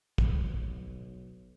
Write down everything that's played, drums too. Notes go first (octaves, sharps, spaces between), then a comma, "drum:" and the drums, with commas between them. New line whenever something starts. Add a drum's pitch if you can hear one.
B1, drum: kick